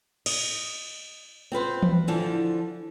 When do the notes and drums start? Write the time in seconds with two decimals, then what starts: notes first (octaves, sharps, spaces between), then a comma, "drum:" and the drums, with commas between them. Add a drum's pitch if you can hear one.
0.26 D#5, drum: cymbal
1.52 C4 F4 B4 C5
1.83 drum: tom E3
2.07 D3 E3 F3